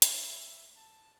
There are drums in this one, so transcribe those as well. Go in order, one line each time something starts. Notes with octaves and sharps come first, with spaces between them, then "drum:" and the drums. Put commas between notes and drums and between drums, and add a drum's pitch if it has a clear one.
drum: hi-hat
E5
A5